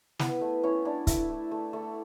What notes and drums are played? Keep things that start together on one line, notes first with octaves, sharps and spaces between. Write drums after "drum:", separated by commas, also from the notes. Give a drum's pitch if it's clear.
B3 E4 B4, drum: snare
A3
C#4 E4 C#5
D4 E4 D5
A3 E4 E5, drum: kick, hi-hat
A3
A3
A3